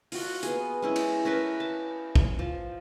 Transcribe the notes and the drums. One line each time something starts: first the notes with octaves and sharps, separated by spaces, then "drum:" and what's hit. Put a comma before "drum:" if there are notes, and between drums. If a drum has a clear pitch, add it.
F4 F#4, drum: open hi-hat
B3 G#4, drum: hi-hat
G#3 C#4 E4
drum: cymbal
C#4 A#4 B4 A5
A5
drum: kick
F3